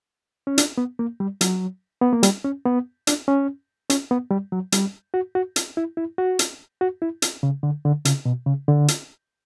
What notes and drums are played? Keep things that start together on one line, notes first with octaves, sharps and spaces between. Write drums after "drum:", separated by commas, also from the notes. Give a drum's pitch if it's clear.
C#4
D4, drum: hi-hat
B3
A#3
G3
F#3, drum: hi-hat
B3
A#3
G3, drum: hi-hat
C#4
B3
D4, drum: hi-hat
C#4
C#4, drum: hi-hat
B3
G3
F#3
G3, drum: hi-hat
F#4
F#4
drum: hi-hat
E4
E4
F#4
drum: hi-hat
F#4
E4
drum: hi-hat
C#3
D3
D3
C#3, drum: hi-hat
B2
C#3
D3
drum: hi-hat